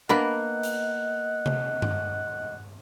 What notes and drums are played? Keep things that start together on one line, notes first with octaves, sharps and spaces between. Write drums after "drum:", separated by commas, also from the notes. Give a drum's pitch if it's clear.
A#3 B3 D4 A#4 D#5 F#5 B5
drum: hi-hat
drum: tom C3
drum: tom G2